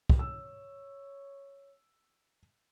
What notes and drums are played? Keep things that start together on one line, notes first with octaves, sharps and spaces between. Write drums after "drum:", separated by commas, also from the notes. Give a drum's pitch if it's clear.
drum: kick
C#5 E6